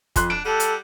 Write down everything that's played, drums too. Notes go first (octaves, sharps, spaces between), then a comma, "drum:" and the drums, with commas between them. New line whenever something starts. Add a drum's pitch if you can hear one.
F2 C6 F#6, drum: kick, hi-hat
D4 D7
G3 A4 F#5
drum: hi-hat